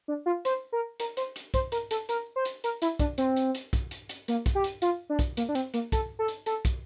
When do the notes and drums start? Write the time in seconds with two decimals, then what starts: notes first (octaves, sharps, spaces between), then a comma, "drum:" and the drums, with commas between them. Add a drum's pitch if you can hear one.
0.08 D4
0.26 F4
0.45 C5, drum: hi-hat
0.73 A#4
1.00 A#4, drum: hi-hat
1.17 C5, drum: hi-hat
1.36 drum: hi-hat
1.54 C5, drum: kick, hi-hat
1.72 A#4, drum: hi-hat
1.91 A4, drum: hi-hat
2.09 A#4, drum: hi-hat
2.36 C5
2.45 drum: hi-hat
2.64 A#4, drum: hi-hat
2.82 E4, drum: hi-hat
2.99 D4, drum: kick, hi-hat
3.18 C4, drum: hi-hat
3.36 drum: hi-hat
3.55 drum: hi-hat
3.73 drum: kick, hi-hat
3.91 drum: hi-hat
4.09 drum: hi-hat
4.28 A#3, drum: hi-hat
4.46 drum: kick, hi-hat
4.55 G4
4.64 drum: hi-hat
4.82 F4, drum: hi-hat
5.10 D4
5.19 drum: kick, hi-hat
5.37 A#3, drum: hi-hat
5.49 D4
5.55 C4, drum: hi-hat
5.74 A#3, drum: hi-hat
5.92 A4, drum: kick, hi-hat
6.19 A4
6.28 drum: hi-hat
6.46 A4, drum: hi-hat
6.65 drum: kick, hi-hat